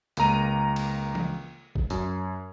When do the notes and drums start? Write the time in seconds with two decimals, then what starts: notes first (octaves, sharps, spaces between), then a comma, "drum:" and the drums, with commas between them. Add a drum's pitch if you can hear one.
0.17 C#2 A#3 A#5 D#7, drum: hi-hat
0.76 drum: cymbal
1.15 drum: tom E3
1.75 drum: kick
1.90 F#2, drum: hi-hat